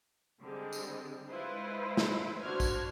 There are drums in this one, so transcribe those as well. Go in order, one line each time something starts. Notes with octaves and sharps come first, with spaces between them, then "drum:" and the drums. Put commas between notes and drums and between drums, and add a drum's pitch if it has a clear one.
D3 G3 G#3 C4
drum: tambourine
G#3 E4 F4 B4 C5
drum: snare
D3 D4 F#4 C5 F6 G#6
drum: kick, tambourine